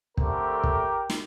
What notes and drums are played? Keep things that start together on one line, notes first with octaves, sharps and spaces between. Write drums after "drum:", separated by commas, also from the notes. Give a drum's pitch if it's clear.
D3 A3 C4 G4 A#4, drum: kick
drum: kick
drum: snare